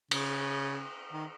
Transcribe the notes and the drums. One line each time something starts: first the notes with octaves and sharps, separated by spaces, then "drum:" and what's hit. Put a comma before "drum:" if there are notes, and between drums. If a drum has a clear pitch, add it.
C#3, drum: cymbal
D#3